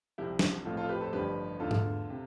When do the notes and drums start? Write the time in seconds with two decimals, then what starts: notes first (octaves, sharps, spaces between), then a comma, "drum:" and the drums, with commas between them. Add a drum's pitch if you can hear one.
0.18 C2 C3 F3 E4 G4
0.39 drum: snare
0.65 A1 A2 F3 C4 F4 A4
0.77 F4 A4
0.89 G4 B4
1.01 A4 C5
1.12 A1 G2 D3 F3 G4 B4
1.59 E2 D3 A3 F4 A4
1.71 drum: tom G#2
2.10 C3